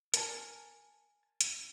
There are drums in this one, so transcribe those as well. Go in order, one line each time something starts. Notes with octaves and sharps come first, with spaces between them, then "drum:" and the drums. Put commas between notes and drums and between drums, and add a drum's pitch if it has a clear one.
A#4 G#5 A5, drum: hi-hat
drum: hi-hat